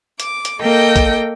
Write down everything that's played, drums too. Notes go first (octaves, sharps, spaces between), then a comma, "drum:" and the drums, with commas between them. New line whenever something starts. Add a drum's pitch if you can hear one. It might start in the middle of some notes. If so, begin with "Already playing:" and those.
D6, drum: hi-hat
drum: hi-hat
A#3 A4 D#5 G5
drum: kick B1, hi-hat